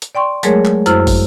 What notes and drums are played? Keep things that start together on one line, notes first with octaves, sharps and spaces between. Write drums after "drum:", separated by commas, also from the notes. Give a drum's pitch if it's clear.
drum: hi-hat
D5 G5 C6 C#6
F#3 G#3 A3 G#4 A#4 C#5, drum: hi-hat
drum: clap
F#2 E4 C5 E6 F6, drum: hi-hat
drum: kick, open hi-hat